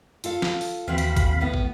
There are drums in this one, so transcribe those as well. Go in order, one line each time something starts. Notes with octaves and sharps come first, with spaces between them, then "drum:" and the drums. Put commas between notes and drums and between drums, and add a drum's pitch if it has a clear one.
F4 A4 F5, drum: hi-hat
drum: snare
drum: open hi-hat
D#2 E3 C4 F#4 F5 B5
drum: hi-hat
drum: kick, hi-hat
A2 B3
drum: kick